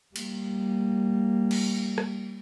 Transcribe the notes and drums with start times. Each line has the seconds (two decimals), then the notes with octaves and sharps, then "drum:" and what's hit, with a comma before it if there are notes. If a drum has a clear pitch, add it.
0.16 G3 A#3, drum: cymbal
1.51 drum: cymbal
1.98 drum: rim click